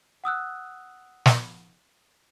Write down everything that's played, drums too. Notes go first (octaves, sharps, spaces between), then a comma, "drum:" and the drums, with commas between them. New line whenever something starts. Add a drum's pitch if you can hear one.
F#5 D#6 E6 F#6
drum: snare